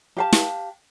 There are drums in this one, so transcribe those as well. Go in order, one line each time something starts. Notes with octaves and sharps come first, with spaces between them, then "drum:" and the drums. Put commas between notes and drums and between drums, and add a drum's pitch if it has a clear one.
G4 F5 A5
drum: snare